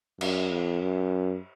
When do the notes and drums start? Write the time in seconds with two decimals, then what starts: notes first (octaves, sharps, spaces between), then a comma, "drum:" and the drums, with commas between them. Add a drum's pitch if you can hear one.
0.21 F#2, drum: cymbal
0.51 F2
0.82 F#2